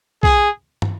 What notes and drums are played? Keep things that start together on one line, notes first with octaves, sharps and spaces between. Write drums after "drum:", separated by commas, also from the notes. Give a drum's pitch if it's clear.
G#4, drum: kick
drum: tom